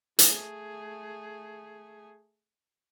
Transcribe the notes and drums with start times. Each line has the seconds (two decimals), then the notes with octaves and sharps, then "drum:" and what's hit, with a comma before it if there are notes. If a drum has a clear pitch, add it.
0.19 A3 G#4, drum: hi-hat